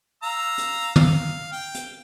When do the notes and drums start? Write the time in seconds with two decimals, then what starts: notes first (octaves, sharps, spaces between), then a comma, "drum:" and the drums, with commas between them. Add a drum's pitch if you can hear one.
0.23 F5 A#5 E6
0.58 drum: hi-hat
0.96 F5, drum: tom
1.52 G5
1.75 drum: hi-hat